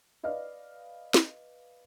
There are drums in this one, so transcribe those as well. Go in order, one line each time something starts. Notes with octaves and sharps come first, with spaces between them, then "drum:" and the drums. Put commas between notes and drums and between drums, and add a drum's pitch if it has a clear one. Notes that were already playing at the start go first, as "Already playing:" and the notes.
B4 D5 D#5 F5 F6
drum: snare